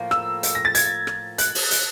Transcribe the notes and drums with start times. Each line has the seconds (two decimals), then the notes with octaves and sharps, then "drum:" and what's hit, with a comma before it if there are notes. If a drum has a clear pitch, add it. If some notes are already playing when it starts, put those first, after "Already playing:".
Already playing: A2 F3 A#3
0.11 E6, drum: rim click
0.43 drum: hi-hat
0.55 A#6
0.65 A6
0.75 G#6, drum: hi-hat
1.07 drum: rim click
1.38 F#6, drum: hi-hat
1.55 drum: open hi-hat
1.71 drum: hi-hat